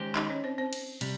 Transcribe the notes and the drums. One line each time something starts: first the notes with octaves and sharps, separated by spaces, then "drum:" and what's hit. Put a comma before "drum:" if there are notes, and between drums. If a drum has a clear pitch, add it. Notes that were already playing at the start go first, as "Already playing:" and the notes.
Already playing: D#3 G#3 C#4 G4 C5
D#4 D#5, drum: clap
C#4 C#5
C4 C5
C4 C5
drum: cymbal
C3 G3, drum: cymbal